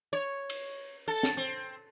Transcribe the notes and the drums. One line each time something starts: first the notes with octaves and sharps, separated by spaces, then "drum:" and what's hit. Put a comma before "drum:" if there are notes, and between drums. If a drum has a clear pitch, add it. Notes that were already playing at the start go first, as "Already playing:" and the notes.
C#5
drum: cymbal
A4
drum: snare
C4